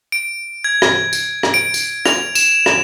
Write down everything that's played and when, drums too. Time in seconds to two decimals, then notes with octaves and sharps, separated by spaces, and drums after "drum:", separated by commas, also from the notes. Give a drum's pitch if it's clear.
0.12 D7
0.64 G#6
0.82 drum: rim click
1.13 drum: tambourine
1.43 drum: rim click
1.54 D7
1.74 drum: tambourine
2.06 F7, drum: rim click
2.35 E7, drum: tambourine
2.66 drum: rim click